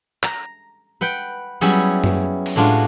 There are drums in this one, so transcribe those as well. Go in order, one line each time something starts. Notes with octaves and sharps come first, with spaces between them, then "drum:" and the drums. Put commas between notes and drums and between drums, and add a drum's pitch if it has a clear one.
A#5, drum: clap
B4 F#5 G5
F#3 G3 B3 C#4 E4 G#4
drum: tom F#2
drum: cymbal
A2 G#3 D4 F4 F#4